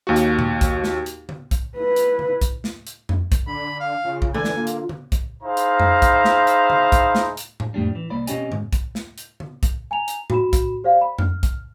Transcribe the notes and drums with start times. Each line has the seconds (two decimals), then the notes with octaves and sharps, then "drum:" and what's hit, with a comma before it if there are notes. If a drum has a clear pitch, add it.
0.07 D#2 F#4
0.16 drum: hi-hat
0.39 drum: tom A#2
0.61 drum: kick, hi-hat
0.84 drum: snare
1.06 drum: hi-hat
1.29 drum: tom D3
1.51 drum: kick, hi-hat
1.77 E4 B4
1.96 drum: hi-hat
2.19 drum: tom D3
2.41 drum: kick, hi-hat
2.64 drum: snare
2.87 drum: hi-hat
3.09 drum: tom F2
3.32 drum: kick, hi-hat
3.47 D3 D5 B5
3.80 F5
4.05 C#3 F4
4.22 drum: kick
4.34 D3 E3 D5 G#5
4.44 drum: snare
4.56 A#3 F4
4.67 drum: hi-hat
4.89 drum: tom D3
5.12 drum: kick, hi-hat
5.43 D#4 E4 G#4 C5 F5 A#5
5.57 drum: hi-hat
5.80 drum: tom F2
6.02 drum: kick, hi-hat
6.25 drum: snare
6.47 drum: hi-hat
6.70 drum: tom D3
6.92 drum: kick, hi-hat
7.15 drum: snare
7.37 drum: hi-hat
7.60 drum: tom A2
7.74 F2 A2 G3 D4
7.95 E3
8.10 C2 A#3 D5 B5
8.27 B2 C4 C#4 G4 D#5 G#5, drum: hi-hat
8.52 G#2, drum: tom D3
8.73 drum: kick, hi-hat
8.95 drum: snare
9.18 drum: hi-hat
9.40 drum: tom D3
9.63 drum: kick, hi-hat
9.91 G#5 A#5 F7
10.08 drum: hi-hat
10.30 F#4 B5 E7, drum: tom A2
10.53 drum: kick, hi-hat
10.84 G4 C5 D5 F5 F#5
11.01 B5
11.18 F6, drum: tom F2
11.43 drum: kick, hi-hat